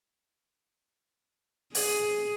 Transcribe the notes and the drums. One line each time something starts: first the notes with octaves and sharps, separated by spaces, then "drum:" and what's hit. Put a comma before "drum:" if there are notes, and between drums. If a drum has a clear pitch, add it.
G#4, drum: open hi-hat